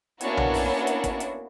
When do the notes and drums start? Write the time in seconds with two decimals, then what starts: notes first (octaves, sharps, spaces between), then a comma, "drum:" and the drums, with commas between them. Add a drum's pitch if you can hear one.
0.21 A#3 B3 C#4 D4 E4 F#4, drum: hi-hat
0.37 drum: tom B1
0.54 drum: open hi-hat
0.87 drum: hi-hat
1.04 drum: kick, hi-hat
1.20 drum: hi-hat